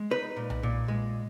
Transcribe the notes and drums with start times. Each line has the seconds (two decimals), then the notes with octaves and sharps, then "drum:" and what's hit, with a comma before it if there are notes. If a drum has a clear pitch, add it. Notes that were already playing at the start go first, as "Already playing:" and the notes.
Already playing: G#3
0.11 D#4 B4
0.36 A#2
0.50 drum: tom B1
0.63 A#2
0.88 G#3